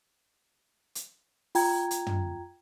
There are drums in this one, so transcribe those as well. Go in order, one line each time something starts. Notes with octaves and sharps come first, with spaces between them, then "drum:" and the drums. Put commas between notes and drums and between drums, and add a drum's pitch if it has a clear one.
drum: hi-hat
F4 G5 A#5 G#6, drum: open hi-hat
drum: hi-hat
drum: tom